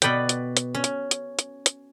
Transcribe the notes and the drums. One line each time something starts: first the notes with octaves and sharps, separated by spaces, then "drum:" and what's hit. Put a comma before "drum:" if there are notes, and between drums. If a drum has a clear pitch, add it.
B2 B4 D5 F#5 G5, drum: hi-hat
drum: hi-hat
drum: hi-hat
C#4
drum: hi-hat
drum: hi-hat
drum: hi-hat
drum: hi-hat